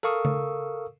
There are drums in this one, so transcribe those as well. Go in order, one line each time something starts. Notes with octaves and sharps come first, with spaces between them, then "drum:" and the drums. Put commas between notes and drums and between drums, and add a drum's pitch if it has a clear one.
A4 A#4 F5 C#6 D#6 E6
drum: tom C#3